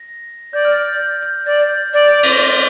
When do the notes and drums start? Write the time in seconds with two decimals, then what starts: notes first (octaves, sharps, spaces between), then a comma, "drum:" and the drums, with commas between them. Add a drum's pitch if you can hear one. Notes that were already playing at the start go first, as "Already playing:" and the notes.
Already playing: A#6
0.53 D5 G6
0.65 F6
0.76 A6
0.88 G6
0.99 G6
1.23 G6
1.46 D5 A6
1.69 G6
1.93 D5
2.05 G6
2.23 D6, drum: cymbal
2.28 C6